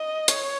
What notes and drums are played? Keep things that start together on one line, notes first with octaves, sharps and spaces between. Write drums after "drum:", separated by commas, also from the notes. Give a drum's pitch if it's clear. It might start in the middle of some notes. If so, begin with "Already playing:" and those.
Already playing: D#5
C#5, drum: hi-hat